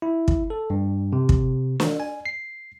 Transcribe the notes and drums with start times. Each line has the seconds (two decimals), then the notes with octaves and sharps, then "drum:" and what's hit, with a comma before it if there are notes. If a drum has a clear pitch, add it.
0.02 E4
0.28 drum: kick
0.50 A4
0.70 G2
1.13 C3
1.29 drum: kick
1.80 drum: snare
2.00 G#5
2.26 C7